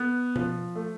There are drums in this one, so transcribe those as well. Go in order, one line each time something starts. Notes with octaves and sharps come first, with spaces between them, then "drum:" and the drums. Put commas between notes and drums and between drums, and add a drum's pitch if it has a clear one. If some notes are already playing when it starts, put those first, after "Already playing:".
Already playing: B3
F3, drum: tom B2
A3